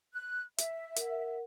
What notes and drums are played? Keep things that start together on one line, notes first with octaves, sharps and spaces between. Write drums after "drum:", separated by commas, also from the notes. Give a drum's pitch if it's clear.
F#6
E5, drum: hi-hat
A#4 F#5, drum: hi-hat